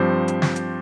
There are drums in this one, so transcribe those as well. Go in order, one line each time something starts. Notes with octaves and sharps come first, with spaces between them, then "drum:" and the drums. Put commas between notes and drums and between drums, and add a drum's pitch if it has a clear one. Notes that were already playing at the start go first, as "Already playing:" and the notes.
Already playing: G2 F3 C4 G4 C5
drum: hi-hat
drum: snare
drum: hi-hat